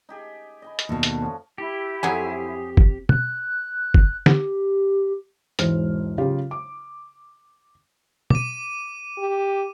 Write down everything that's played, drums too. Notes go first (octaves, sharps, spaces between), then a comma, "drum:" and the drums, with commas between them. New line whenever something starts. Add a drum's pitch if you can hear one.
D#4 G4 G#4
D#5 G#5 B5
drum: hi-hat
D#2 B2 D3 A3
drum: hi-hat
F3 C#4 F#4
E4 G4
F2 F#3 C4 G#4
drum: kick
F#6, drum: tom
drum: kick
G4, drum: snare
E1 G#2 E3 C5 F6, drum: hi-hat
C#3 F#3 F4 G4 G5
D6
D6 D#7, drum: tom
G4